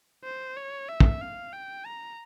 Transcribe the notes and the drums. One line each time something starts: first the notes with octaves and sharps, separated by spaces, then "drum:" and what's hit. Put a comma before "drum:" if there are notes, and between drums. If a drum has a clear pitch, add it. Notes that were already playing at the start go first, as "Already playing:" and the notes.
C5
C#5
E5
drum: kick
F5
G5
A#5